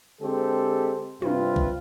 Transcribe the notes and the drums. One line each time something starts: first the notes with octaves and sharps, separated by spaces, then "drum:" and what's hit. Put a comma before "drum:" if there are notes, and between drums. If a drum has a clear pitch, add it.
D3 G#3 C4 G4 A4
G2 C3 C4 F4 B4, drum: tom
drum: kick B1